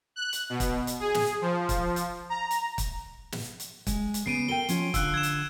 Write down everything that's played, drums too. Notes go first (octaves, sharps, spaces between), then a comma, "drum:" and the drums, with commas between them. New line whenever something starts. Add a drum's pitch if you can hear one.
F#6
drum: hi-hat
B2
drum: kick, hi-hat
drum: hi-hat
G#4
drum: snare
F3
drum: kick, hi-hat
drum: hi-hat
A#5
drum: hi-hat
drum: kick, hi-hat
drum: snare
drum: hi-hat
G#3, drum: kick, hi-hat
drum: hi-hat
C#3 B3 C7 D7 D#7
A4 A#4 G5 D#7 G7
F3 C#4 F4, drum: hi-hat
D3 F4 F5 E6 F#6, drum: kick, hi-hat
G#6 E7
drum: hi-hat